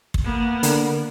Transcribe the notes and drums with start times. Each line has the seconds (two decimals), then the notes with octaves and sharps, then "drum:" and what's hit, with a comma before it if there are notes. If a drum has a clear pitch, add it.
0.14 drum: kick
0.24 A#3 B3
0.63 D3 A#4 F#5, drum: hi-hat